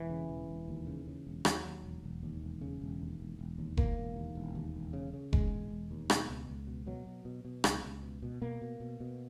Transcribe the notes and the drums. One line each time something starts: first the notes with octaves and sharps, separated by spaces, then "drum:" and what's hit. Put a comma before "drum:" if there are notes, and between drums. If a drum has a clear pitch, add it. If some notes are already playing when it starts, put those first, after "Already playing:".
Already playing: E1 E3
C#3
E1
E1
D#2
C#3
C#3
E1
D#2 F#3, drum: rim click
D#2
E1
E1
D#2
E1
C#3
E1
D#2
E1
E1
D#2
E1 A#3, drum: kick F1
E1
D#2
E1
D#2
E1
C#3
C#3
D#2 G#3, drum: kick F1
E1
E1
D#2
B2, drum: rim click
C#2
C#2
B2
B2 F#3
B2
B2
B2
C#2, drum: rim click
C#2
B2
B2
B2 A#3
B2
B2
B2